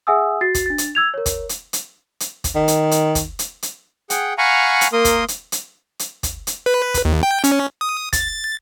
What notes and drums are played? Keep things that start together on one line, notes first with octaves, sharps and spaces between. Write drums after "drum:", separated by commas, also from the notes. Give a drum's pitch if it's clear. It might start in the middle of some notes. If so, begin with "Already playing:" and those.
G#4 E5 F#5 G#5 D#6 E6
F#4 A6 C7
drum: kick, hi-hat
D4 A6
drum: hi-hat
E6 G#6 F7
A#4 C#5
drum: kick, hi-hat
drum: hi-hat
drum: hi-hat
drum: hi-hat
drum: kick, hi-hat
D#3
drum: hi-hat
drum: hi-hat
drum: kick, hi-hat
drum: hi-hat
drum: hi-hat
G#4 F#5 G5, drum: hi-hat
F5 F#5 G#5 A#5 B5 C#6
drum: hi-hat
A#3 A#4 C6 D#6
drum: kick, hi-hat
drum: hi-hat
drum: hi-hat
drum: hi-hat
drum: kick, hi-hat
drum: hi-hat
B4
drum: kick, hi-hat
D#2
G5
C#4, drum: hi-hat
D#6
A6, drum: kick, hi-hat